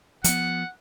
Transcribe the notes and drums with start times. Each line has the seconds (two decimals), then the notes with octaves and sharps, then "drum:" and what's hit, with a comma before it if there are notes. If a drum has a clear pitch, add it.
0.24 F3 B3 F#5, drum: hi-hat